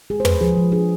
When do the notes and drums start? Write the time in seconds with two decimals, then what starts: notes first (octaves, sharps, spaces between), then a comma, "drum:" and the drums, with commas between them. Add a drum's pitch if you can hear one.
0.10 G#3 G#4
0.20 C5
0.25 G#3 B4, drum: tom
0.41 F3 G#4
0.57 F3
0.72 D4 G#4